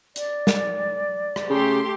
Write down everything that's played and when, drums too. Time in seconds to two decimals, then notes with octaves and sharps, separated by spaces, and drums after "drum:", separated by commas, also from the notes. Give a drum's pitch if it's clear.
0.16 D5, drum: hi-hat
0.47 drum: snare
1.36 drum: rim click
1.49 C#3 A3 G4 C6